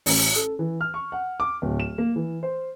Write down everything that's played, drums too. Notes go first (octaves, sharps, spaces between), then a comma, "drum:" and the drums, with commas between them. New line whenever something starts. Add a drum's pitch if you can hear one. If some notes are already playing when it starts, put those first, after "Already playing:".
A1, drum: open hi-hat
A4
E3
F6
C#6
F#5
D6
D1
E7
A#3
E3
C5